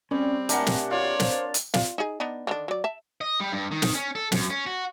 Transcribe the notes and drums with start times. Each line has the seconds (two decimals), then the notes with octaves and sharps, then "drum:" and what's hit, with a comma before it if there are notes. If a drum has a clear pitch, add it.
0.11 G3 C4 C#4
0.49 D4 G4 A#4 E5 F#5 G#5, drum: hi-hat
0.67 drum: snare
0.91 F4 C#5 D5
1.20 C5, drum: snare
1.54 drum: hi-hat
1.74 F4 D5 F5, drum: snare
1.98 D#4 G#4
2.20 B3 D4 D#4
2.47 D3 D#3 D4
2.68 F#3 D5
2.84 E5 A5
3.21 D#5
3.41 G3
3.52 G2
3.71 D#3
3.82 drum: snare
3.95 C#4
4.15 A4
4.32 F#2, drum: snare
4.50 C#4
4.66 F#4